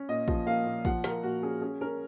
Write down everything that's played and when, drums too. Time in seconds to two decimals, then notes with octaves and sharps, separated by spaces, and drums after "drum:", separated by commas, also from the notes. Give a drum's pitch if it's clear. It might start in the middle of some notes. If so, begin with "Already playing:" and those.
Already playing: C#4
0.09 A#2 D#5
0.28 F3, drum: kick
0.47 A#3 F5
0.66 A#2
0.85 F3 F#5, drum: kick
1.04 F3 A#4, drum: snare
1.23 A#2 F#4
1.43 C#4 G#4
1.61 C#4 G#4
1.81 C#4 A#4